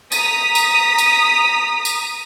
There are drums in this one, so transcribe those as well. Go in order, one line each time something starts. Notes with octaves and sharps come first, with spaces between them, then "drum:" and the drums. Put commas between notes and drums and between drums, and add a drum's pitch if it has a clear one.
A#5 D#6 B6, drum: tambourine
drum: tambourine
drum: tambourine
drum: tambourine